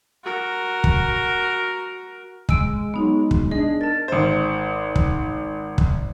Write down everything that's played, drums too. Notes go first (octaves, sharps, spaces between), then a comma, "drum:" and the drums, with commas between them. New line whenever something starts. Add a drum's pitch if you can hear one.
F#4 A#4
drum: kick
G#3 G#5 E6 D7, drum: kick
F#3 B3 D#4
drum: kick
D4 G#4 D#5
A#4 A5 A6
G#1 C5
drum: kick
drum: kick